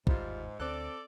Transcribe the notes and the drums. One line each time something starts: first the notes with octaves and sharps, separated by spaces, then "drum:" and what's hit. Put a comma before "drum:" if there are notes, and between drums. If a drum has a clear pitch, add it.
G1 D#2 G#2 G3 F4, drum: kick
D2 C4 A4 D5 F#6